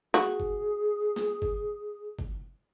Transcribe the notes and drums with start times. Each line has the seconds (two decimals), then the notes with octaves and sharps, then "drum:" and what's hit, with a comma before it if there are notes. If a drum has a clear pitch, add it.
0.14 F#4 G#4, drum: snare
0.40 drum: kick
1.16 drum: snare
1.42 drum: kick
2.19 drum: kick